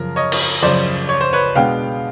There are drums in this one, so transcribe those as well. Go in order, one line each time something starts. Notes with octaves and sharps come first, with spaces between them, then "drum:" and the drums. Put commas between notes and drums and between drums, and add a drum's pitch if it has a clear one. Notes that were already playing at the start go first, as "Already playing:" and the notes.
Already playing: F#2 C#3 F3 A#4
C#5 D#5
drum: cymbal
F#2 C#3 F3 C5 D5
C#5
C5
B4 C#5
B2 G#3 B3 D4 F5 G5